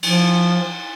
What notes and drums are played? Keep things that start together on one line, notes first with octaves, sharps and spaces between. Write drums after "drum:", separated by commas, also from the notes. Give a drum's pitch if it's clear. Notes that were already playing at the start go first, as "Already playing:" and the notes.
F3, drum: cymbal